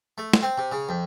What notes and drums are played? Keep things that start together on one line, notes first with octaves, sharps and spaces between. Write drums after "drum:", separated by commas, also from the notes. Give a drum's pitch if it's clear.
A3
drum: snare
C4
C3
C#3
F2